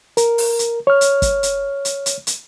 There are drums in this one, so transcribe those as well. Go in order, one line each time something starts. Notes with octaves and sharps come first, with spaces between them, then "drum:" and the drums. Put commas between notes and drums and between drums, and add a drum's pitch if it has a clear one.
A#4, drum: hi-hat
drum: open hi-hat
drum: hi-hat
C#5 F6
drum: hi-hat
drum: kick, hi-hat
drum: hi-hat
drum: hi-hat
drum: hi-hat
drum: hi-hat